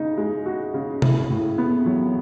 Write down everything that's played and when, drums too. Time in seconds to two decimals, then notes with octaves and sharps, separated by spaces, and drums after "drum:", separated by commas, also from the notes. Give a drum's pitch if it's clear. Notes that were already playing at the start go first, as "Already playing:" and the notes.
Already playing: C#3 D#4
0.18 G#3
0.46 F#4
0.74 C#3
1.02 E4, drum: tom
1.30 A2
1.58 B3
1.86 F#3